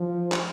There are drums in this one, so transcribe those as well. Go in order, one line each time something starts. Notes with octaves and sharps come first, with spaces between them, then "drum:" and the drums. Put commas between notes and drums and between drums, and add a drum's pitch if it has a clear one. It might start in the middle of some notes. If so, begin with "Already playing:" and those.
Already playing: F3
drum: clap